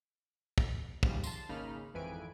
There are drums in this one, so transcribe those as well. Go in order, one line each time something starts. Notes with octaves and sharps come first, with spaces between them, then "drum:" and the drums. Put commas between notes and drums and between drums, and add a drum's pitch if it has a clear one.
drum: kick
D#2 G#2 C#3 F3 G3, drum: kick
A5 C6, drum: tambourine
G#1 C#3 A#3 D#4 B5 F6
G#1 F2 E3 B4 G#5 D7